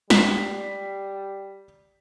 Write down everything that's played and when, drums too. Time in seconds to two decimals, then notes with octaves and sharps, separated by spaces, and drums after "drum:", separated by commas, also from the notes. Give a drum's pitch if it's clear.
0.10 G3 B6 C7, drum: snare